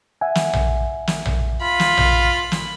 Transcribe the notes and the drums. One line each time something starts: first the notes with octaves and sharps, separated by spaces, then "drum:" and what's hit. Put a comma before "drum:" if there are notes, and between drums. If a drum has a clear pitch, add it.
E5 F#5 G#5
drum: snare
drum: tom A#1
drum: snare
drum: tom A#1
F4 B5
drum: snare
drum: tom A#1
drum: snare